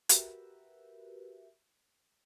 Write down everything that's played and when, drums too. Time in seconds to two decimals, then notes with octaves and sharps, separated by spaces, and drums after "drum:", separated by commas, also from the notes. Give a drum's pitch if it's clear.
0.09 F#4 G4 A#4 B4 E5, drum: hi-hat